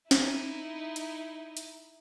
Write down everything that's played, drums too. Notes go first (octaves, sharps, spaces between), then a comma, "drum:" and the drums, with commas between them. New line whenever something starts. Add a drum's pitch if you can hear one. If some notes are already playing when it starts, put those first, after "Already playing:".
D#4 E4, drum: snare
drum: hi-hat
drum: hi-hat